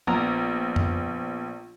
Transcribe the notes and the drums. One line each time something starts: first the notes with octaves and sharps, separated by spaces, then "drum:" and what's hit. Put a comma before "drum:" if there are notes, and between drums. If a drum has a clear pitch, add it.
A#1 B3 A#5
drum: tom F2